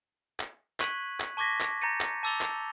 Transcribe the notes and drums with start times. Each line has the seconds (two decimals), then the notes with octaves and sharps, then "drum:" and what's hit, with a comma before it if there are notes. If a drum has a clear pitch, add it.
0.40 drum: clap
0.80 C#6 F#6 G#6 B6 D#7 F#7, drum: clap
1.21 drum: clap
1.37 A5 C#6 D6 G#6 A#6 B6
1.61 drum: clap
1.82 A#5 G6 A6 A#6 C#7 D#7
2.01 drum: clap
2.23 A5 D6 E6 A6 F7 G7
2.41 drum: clap